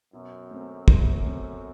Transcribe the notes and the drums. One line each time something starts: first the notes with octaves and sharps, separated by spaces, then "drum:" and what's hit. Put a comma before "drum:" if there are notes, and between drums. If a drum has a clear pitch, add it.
F#2 B2
A3 C4
B2, drum: kick
A3 C4